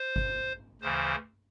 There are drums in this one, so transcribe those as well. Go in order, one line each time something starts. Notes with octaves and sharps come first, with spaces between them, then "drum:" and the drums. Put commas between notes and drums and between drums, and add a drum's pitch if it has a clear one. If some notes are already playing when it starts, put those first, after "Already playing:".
Already playing: C5
drum: kick G1
D2 C#3 E3 C5